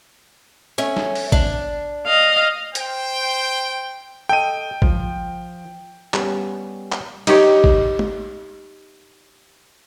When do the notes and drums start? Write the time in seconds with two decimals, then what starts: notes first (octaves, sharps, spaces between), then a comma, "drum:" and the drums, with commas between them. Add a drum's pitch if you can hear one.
0.78 A3 C#4 E5
0.96 drum: snare
1.15 drum: open hi-hat
1.32 D4, drum: kick
2.07 D#5 F5
2.75 C5 G5, drum: hi-hat
4.29 A4 D#5 G5 D#7
4.82 F3, drum: kick
6.14 G3 B3 C#4, drum: clap
6.92 drum: clap
7.27 D#4 G4 C#5, drum: cymbal
7.64 drum: kick
7.99 drum: tom G#3